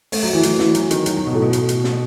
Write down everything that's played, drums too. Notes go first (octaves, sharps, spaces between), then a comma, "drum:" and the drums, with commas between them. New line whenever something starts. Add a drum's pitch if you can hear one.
A3, drum: open hi-hat
F#3
E3
E3, drum: hi-hat
E3, drum: snare
F#3, drum: hi-hat
D#3, drum: hi-hat
F#3, drum: hi-hat
F#3
B2
A2
B2
drum: hi-hat
drum: hi-hat
drum: snare